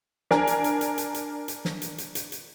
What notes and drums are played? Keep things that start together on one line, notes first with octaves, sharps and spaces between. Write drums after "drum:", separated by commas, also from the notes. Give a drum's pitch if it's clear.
D4 A#4 G#5, drum: snare
drum: hi-hat
drum: hi-hat
drum: hi-hat
drum: hi-hat
drum: hi-hat
drum: hi-hat
drum: snare
drum: hi-hat
drum: hi-hat
drum: hi-hat
drum: hi-hat